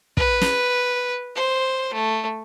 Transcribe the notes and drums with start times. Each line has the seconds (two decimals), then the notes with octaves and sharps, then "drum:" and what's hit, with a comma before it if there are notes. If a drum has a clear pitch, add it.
0.17 B4, drum: kick
0.41 drum: snare
1.35 C5
1.93 A3